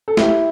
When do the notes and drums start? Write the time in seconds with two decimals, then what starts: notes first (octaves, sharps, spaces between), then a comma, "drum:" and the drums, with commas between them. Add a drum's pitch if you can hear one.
0.08 A4
0.17 E4 G4, drum: snare